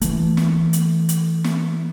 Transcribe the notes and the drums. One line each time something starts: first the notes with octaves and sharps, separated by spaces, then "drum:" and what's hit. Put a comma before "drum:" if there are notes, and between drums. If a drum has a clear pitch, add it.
E3 A3, drum: hi-hat
drum: snare
drum: hi-hat
drum: hi-hat
drum: snare